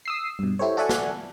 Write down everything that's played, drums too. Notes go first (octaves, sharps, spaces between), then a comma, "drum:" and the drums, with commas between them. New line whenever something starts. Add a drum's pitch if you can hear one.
D#6 E6 C7
G2 B2
E4 G4 A4 C5 C#5
F#4 A4 D5 E5 F#5 G#5
drum: snare